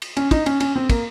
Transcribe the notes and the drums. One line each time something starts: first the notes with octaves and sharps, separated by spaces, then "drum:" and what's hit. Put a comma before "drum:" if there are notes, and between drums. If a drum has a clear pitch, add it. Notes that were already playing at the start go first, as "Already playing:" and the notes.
drum: cymbal
C#4, drum: cymbal
D#4, drum: kick, cymbal
C#4, drum: cymbal
C#4, drum: cymbal
C4
A#3, drum: kick, cymbal